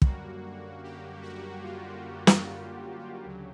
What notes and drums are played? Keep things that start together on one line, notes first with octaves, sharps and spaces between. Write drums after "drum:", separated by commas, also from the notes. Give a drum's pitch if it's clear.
F#2 D3 G3 A#3 F#4, drum: kick
G4
F#4
F4
drum: snare
F#4
G4
D2 C#3 F#3